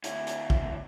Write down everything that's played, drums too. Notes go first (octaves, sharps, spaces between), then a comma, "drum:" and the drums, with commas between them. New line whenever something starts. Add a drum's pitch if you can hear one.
D2 E4, drum: hi-hat
drum: hi-hat
drum: kick